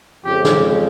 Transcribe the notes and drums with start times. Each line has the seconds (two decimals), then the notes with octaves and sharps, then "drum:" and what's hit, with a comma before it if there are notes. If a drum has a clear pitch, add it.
0.24 F2 C#3 F3 G#3 G4
0.45 drum: snare